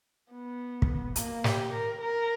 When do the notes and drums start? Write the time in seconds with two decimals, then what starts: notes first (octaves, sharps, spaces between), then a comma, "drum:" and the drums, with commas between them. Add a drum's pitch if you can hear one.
0.32 B3
0.82 drum: kick
1.16 A#3, drum: hi-hat
1.44 G4, drum: snare
1.73 A#4
2.01 A#4